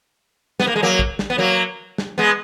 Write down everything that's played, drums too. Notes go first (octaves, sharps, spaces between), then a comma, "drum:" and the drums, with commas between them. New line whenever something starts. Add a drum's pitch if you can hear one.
B3, drum: snare
A#3
G#3
F#3 A#3
drum: kick
drum: snare
B3
F#3 A#3
drum: snare
G#3 B3